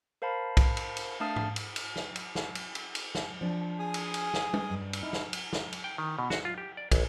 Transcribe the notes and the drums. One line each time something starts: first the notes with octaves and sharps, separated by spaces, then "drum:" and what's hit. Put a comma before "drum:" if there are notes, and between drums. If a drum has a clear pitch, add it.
A#4 C5 F5 A5 B5
drum: kick, cymbal
drum: cymbal
drum: cymbal
A3 D4 F5 A5 D#6 F6
drum: tom G#2
drum: cymbal
drum: cymbal
drum: snare
drum: cymbal
drum: snare
drum: cymbal
drum: cymbal
drum: cymbal
drum: snare
F3 D4
G#4 G#5 D#6
drum: cymbal
drum: cymbal
drum: snare
drum: tom G3
G2
drum: cymbal
D#4 E4 F6
drum: snare
drum: cymbal
drum: snare
drum: cymbal
G5
D#3
B2
F#4, drum: snare
F4
G4
D5
A#1, drum: kick, cymbal